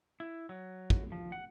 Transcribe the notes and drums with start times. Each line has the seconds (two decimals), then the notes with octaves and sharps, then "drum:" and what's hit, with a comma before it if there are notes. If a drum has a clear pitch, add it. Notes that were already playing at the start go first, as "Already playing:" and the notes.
0.20 E4
0.49 F#3
0.90 drum: kick
1.12 F3
1.32 F#5